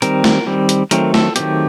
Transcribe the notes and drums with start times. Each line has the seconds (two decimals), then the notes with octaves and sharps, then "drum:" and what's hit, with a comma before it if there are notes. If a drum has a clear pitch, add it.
0.02 D#3 G3 C4 A#4, drum: hi-hat
0.24 drum: snare
0.46 D#3 G3 C4
0.69 drum: hi-hat
0.91 D#3 F#3 A3 C4 A#4, drum: hi-hat
1.14 A4, drum: snare
1.36 D#3 F#3 A3 C4 G4, drum: hi-hat